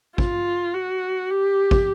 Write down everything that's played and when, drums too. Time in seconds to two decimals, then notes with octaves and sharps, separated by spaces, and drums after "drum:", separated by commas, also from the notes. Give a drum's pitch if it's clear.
0.18 F4, drum: kick
0.74 F#4
1.30 G4
1.71 drum: kick